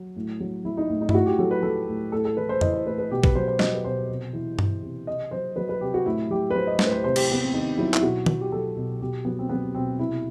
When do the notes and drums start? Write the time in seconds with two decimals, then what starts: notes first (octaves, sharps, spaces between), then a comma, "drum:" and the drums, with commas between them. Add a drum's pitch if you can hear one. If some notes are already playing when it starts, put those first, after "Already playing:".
Already playing: F#3
0.16 A2
0.40 F#3
0.65 F#3 E4
0.77 D#4
0.89 A2
1.01 D#4
1.09 E4, drum: tom G2
1.13 A2 F#4
1.26 G4
1.39 F#3 A4
1.51 B4
1.63 F#3 A4
1.88 A2
2.12 A2 A4
2.25 A4
2.37 E3 B4
2.49 C5
2.61 E3 D#5, drum: tom F2
2.73 C5
2.86 A2 B4
2.98 B4
3.11 B2 G4
3.24 B4, drum: kick A#1
3.35 F#3 C5
3.48 C5
3.59 F#3 D#5, drum: snare
3.75 B4
3.85 B2 C5
4.09 C3
4.33 E3
4.59 E3, drum: tom G2
4.82 C3
5.07 C3 D#5
5.31 F#3 C5
5.56 F#3 B4
5.69 B4
5.81 C3 G4
5.94 F#4
6.06 A2 E4
6.30 F#3 G4
6.50 B4
6.55 F#3 C5
6.67 D#5
6.79 A2 C5, drum: snare
6.86 B4
6.91 C5
7.04 C3 C5
7.16 G4, drum: cymbal
7.29 C3 B3
7.41 C4
7.54 D#3 D#4
7.77 F#3 E4
7.94 E4, drum: clap
8.03 B2 F#4
8.26 F#3, drum: tom
8.41 G4
8.52 F#3 A4
8.77 B2
9.01 B2 G4
9.25 F#3 B3
9.39 C4
9.49 F#3 B3
9.75 B2 C4
9.99 C3 E4